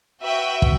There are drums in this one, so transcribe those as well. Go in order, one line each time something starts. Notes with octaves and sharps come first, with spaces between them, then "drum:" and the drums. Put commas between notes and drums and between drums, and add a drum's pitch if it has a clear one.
F#4 B4 E5 G5
drum: kick